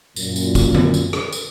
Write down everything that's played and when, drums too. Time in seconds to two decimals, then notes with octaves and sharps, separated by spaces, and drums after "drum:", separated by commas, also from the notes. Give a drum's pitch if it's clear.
0.16 F#2 A#2, drum: tambourine
0.36 drum: tambourine
0.55 drum: kick, tambourine
0.74 drum: tom D3
0.94 drum: tambourine
1.13 drum: rim click
1.33 drum: tambourine